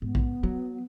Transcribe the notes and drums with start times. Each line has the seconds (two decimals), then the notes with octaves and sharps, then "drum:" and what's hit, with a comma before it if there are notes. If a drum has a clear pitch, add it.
0.02 G#2 B3
0.15 drum: kick A#1
0.43 F#3